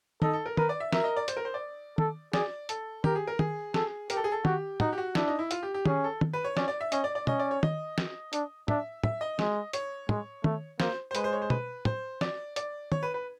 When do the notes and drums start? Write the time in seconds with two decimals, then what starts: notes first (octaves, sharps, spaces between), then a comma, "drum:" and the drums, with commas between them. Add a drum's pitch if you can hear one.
0.22 D#4 A4, drum: tom
0.33 A4
0.46 A#4
0.57 A#4 B4, drum: tom
0.69 D5
0.80 E5
0.92 A#4 E5, drum: snare
1.04 D#5
1.17 D5
1.28 C5, drum: hi-hat
1.37 A#4
1.45 C5
1.54 D5
1.98 A4, drum: tom
2.33 G#4 D5, drum: snare
2.69 A4, drum: hi-hat
3.04 G4 A#4, drum: tom
3.16 G#4
3.27 A#4
3.39 G#4, drum: tom
3.74 G#4 A4, drum: snare
4.10 G4 A#4, drum: hi-hat
4.17 A4
4.24 G#4
4.32 A4
4.45 F#4 G4, drum: tom
4.80 D#4 F#4, drum: tom
4.93 G4
4.98 F#4
5.15 D4 E4, drum: snare
5.28 D#4
5.39 E4
5.51 F4, drum: hi-hat
5.63 G4
5.74 G4
5.86 C#4 G#4, drum: tom
6.04 A4
6.21 drum: tom
6.33 B4
6.44 C#5
6.57 C#4 D5, drum: snare
6.68 D5
6.81 E5
6.92 C#4 D#5, drum: hi-hat
7.04 D5
7.15 D5
7.27 C#4 D#5, drum: tom
7.39 D5
7.51 C#5
7.63 D#5, drum: tom
7.98 drum: snare
8.33 D4, drum: hi-hat
8.68 D4 E5, drum: tom
9.03 E5, drum: tom
9.21 D#5
9.39 G#3, drum: snare
9.73 C#5, drum: hi-hat
10.09 G#3, drum: tom
10.44 A3, drum: tom
10.80 A#3 C5, drum: snare
11.11 C5
11.15 G#3 B4, drum: hi-hat
11.24 C5
11.33 C#5
11.42 C5
11.50 B4, drum: tom
11.85 C5, drum: tom
12.21 D5, drum: snare
12.56 D5, drum: hi-hat
12.92 C#5, drum: tom
13.03 B4
13.14 B4